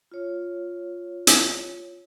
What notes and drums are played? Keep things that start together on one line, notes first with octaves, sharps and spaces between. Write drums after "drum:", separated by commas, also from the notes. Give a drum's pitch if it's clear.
F4 C#5
drum: hi-hat